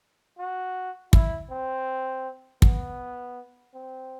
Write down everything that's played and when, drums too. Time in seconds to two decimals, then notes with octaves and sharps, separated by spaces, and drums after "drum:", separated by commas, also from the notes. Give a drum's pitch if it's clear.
0.39 F#4
1.13 E4, drum: kick
1.50 C4
2.62 B3, drum: kick
3.74 C4